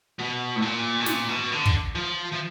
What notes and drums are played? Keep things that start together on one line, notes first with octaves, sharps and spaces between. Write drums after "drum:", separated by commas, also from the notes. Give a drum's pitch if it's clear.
B2
A2
A#2
B2
A#2, drum: snare
B2
D3
drum: kick
F3
F3